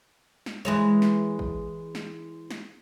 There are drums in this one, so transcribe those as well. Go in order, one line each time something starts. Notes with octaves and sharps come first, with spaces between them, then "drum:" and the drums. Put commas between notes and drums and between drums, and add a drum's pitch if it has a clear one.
drum: snare
E3 G#3 C#5
drum: snare
drum: kick A1
drum: snare
drum: snare